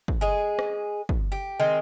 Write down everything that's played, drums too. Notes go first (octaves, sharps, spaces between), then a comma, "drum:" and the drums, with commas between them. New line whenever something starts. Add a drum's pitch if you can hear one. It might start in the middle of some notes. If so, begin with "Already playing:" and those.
drum: kick
G#3 G#4
drum: rim click
drum: kick
G4
D#3 G#3 C4